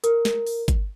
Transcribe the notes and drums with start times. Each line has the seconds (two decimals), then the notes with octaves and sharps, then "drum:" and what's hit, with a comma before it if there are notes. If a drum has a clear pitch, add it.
0.04 A#4, drum: hi-hat
0.25 drum: snare
0.47 drum: open hi-hat
0.68 drum: kick, hi-hat